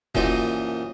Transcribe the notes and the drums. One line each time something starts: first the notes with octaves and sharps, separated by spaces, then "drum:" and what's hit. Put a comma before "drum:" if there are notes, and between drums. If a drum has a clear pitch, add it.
F#2 A#2 E3 F3 D#4, drum: kick F1